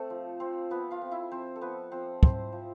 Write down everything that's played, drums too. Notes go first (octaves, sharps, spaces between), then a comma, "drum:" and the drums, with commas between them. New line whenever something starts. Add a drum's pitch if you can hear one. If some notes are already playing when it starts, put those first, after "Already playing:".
Already playing: A3 C4 A4 C5
F3
F3 C4 C5
F3 B3 B4
F4 F5
C4
E4 E5
F3 C4 C5
A4
F3 B3 B4
F3 C4 C5
C4 E4 C5, drum: kick
F3